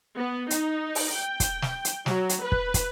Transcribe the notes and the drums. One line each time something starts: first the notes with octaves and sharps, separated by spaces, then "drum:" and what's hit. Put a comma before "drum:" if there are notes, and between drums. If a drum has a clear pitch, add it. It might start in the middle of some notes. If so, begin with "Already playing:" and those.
B3
D#4, drum: hi-hat
drum: open hi-hat
G5
drum: kick, hi-hat
drum: snare
drum: hi-hat
F#3, drum: snare
drum: hi-hat
B4
drum: kick
drum: kick, hi-hat